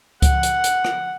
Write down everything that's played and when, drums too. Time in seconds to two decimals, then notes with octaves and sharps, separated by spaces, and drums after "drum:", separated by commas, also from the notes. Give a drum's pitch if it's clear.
0.22 F#5, drum: kick C#2, hi-hat
0.43 drum: hi-hat
0.64 drum: hi-hat
0.84 drum: rim click